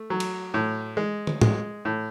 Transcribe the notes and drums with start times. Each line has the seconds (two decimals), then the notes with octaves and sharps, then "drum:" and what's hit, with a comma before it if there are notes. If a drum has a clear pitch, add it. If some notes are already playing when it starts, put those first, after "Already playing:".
Already playing: A3
0.10 F#3
0.20 drum: cymbal
0.54 A2
0.97 G#3
1.27 drum: tom
1.41 G#3, drum: tom
1.85 A2